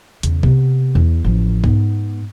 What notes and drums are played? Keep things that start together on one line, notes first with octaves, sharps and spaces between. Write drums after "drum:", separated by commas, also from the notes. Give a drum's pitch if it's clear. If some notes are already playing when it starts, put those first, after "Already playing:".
E2 C#3, drum: hi-hat
C3 B3, drum: kick
E2
A1 F3
G#2 B3, drum: kick